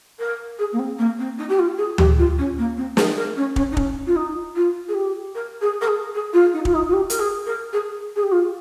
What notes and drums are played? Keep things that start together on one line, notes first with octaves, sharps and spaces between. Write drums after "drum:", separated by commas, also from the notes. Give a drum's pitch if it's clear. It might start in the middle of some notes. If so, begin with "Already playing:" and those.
A#4
G#4
A#3
C4
A#3
C4
D#4
G4
F4
G#4
G4, drum: tom D2
F4
C#4
A#3
C4
G#4, drum: snare
A#4
C#4
C#4, drum: kick
D#4
C#4, drum: kick
F4
D#4
F4
G#4
G4
A#4
G#4
A#4
G#4
G#4
F4
D#4
F4, drum: kick
D#4
F4
G4
A#4, drum: hi-hat
G#4
A#4
G#4
G#4
G4
F4